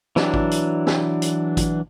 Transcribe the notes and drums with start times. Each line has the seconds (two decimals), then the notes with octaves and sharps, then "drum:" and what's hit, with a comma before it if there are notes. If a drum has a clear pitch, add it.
0.16 E3 F#3 D4, drum: snare
0.34 drum: kick
0.51 drum: hi-hat
0.87 drum: snare
1.22 drum: hi-hat
1.57 drum: kick, hi-hat